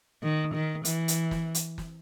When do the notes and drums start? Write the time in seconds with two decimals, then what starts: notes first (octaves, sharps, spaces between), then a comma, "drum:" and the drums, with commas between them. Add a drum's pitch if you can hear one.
0.22 D#3
0.54 D#3
0.85 E3, drum: hi-hat
1.08 drum: hi-hat
1.31 drum: snare
1.55 drum: hi-hat
1.78 drum: snare